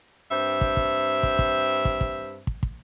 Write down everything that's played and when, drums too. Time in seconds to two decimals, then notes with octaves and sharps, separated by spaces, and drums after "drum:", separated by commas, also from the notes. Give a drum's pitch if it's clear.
0.30 G2 C4 E5
0.61 drum: kick
0.77 drum: kick
1.23 drum: kick
1.39 drum: kick
1.85 drum: kick
2.01 drum: kick
2.47 drum: kick
2.63 drum: kick